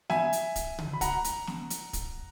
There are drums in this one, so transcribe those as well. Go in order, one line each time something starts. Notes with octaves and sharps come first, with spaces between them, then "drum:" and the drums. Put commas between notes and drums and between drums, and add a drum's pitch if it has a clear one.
E5 G#5, drum: snare
drum: hi-hat
drum: kick, hi-hat
drum: tom C#3
B5
F#5 A#5, drum: kick, hi-hat
drum: hi-hat
drum: snare
drum: hi-hat
drum: kick, hi-hat